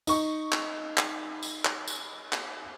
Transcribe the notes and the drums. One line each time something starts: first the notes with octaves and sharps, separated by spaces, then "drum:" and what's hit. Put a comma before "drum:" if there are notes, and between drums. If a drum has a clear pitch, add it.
D#4 C#6, drum: tambourine
drum: clap
drum: clap
drum: tambourine
drum: clap
drum: tambourine
drum: clap